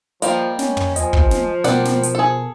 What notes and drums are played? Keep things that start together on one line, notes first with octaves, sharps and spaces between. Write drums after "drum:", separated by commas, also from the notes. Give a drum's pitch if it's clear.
F3 G3 A#3 A#4 D#5, drum: hi-hat
C#4, drum: snare
drum: tom
F3 D#5 G#5, drum: hi-hat
drum: kick
drum: snare
B2 G3 A#4 D5 F#5, drum: snare
drum: snare
drum: hi-hat
G#4 A4